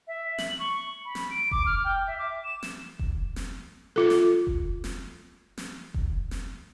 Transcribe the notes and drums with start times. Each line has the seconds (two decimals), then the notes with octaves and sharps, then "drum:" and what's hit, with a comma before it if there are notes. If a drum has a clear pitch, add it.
0.07 E5
0.38 F#7, drum: snare
0.59 C#6
1.05 B5
1.15 drum: snare
1.30 D7
1.51 D6, drum: kick F1
1.66 F6
1.84 G5
2.07 E5
2.19 D6
2.44 E7
2.63 drum: snare
2.99 drum: kick F1
3.36 drum: snare
3.96 F4 A4
4.10 drum: snare
4.47 drum: kick F1
4.84 drum: snare
5.58 drum: snare
5.94 drum: kick F1
6.31 drum: snare